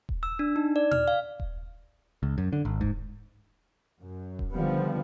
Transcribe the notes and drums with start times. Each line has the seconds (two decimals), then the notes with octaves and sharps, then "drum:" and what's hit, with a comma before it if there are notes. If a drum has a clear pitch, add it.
0.09 drum: kick D#1
0.23 E6
0.39 D4
0.56 D#4
0.76 D5
0.91 F6, drum: tom A#2
1.08 F5
1.40 drum: kick D#1
2.23 C#2
2.38 F#2
2.53 D3
2.65 G#1
2.81 G#2, drum: kick D#1
4.01 F#2
4.39 drum: kick D#1
4.53 D3 D#3 F3 G3 B3